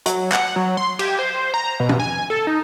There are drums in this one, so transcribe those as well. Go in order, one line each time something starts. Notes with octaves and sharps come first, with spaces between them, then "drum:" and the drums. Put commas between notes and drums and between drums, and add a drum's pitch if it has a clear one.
F#3, drum: hi-hat
F#5, drum: clap
F#3
C6
G4, drum: cymbal
C5
A#5
B2
drum: tom
G#5
A4
D#4